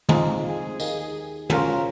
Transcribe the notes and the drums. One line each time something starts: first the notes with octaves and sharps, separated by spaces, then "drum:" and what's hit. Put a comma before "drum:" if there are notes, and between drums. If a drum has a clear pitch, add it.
F2 F3 G#3 D#4 F4, drum: tom
G#4
D#2 D#3 A#3 D#4, drum: tambourine
C#3 F3 C#4 F4 A#4, drum: tom